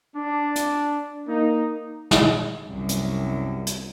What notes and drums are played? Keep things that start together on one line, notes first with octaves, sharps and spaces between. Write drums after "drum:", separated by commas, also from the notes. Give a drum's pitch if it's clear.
D4
drum: hi-hat
A#3 D#4
drum: snare
C2 F#2
drum: hi-hat
drum: hi-hat